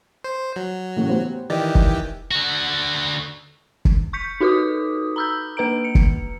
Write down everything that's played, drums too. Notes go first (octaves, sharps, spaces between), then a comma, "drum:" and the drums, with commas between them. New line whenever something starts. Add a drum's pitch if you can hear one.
C5
F#3
A2 C#3 E3
B3 G4 C5
D#3 E3 G4 D5 D#5 A6
drum: kick
D3 F#4
drum: kick
C#6 G6 B6 C#7
D#4 F#4 A4 B4 D6 D#6
A#5 B5 E6 F6 G6
A#3 B4 A#5 D7
C#7
drum: kick